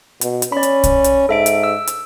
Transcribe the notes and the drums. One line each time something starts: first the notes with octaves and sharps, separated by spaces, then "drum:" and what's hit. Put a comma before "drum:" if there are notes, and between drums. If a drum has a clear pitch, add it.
B2, drum: hi-hat
drum: hi-hat
C#4 D5 B5
drum: hi-hat
drum: kick, hi-hat
drum: hi-hat
G#2 A4 E5 D7
drum: hi-hat
E6
drum: hi-hat